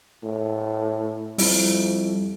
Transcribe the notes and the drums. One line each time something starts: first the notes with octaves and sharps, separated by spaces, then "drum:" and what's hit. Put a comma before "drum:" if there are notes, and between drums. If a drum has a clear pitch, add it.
A2
F2 G3 E4, drum: open hi-hat